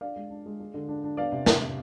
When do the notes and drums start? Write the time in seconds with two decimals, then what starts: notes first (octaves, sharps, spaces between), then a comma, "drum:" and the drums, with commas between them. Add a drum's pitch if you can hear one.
0.01 D4 D5 F5
0.16 G#3
0.30 D4
0.46 G#3
0.60 G#3
0.74 D3
0.88 D4
1.04 D4
1.17 B3 D5 F5
1.32 C3
1.46 C3, drum: snare
1.61 C3